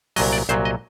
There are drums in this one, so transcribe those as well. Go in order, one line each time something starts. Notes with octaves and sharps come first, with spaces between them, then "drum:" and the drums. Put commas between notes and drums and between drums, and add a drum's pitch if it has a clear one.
C2 A#2 F#3 D#5, drum: open hi-hat
D5
C2 A#2 F#3 C5, drum: hi-hat
D#5